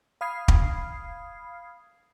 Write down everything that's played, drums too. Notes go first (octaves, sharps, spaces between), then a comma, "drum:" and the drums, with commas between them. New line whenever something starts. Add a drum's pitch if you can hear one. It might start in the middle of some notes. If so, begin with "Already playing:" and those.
F5 B5 D#6 F6 G#6 C7
drum: kick